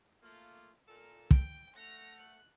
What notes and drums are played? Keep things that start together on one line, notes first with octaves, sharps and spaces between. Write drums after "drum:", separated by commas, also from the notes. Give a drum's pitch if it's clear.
A3 A#3 F4
A#2 A4 A#4
G5, drum: kick
A3 F#5 A#6 F7
F#6